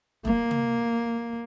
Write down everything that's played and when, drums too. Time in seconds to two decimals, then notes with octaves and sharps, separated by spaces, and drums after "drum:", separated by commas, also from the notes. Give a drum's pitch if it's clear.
0.25 A#3, drum: kick E1
0.51 drum: tom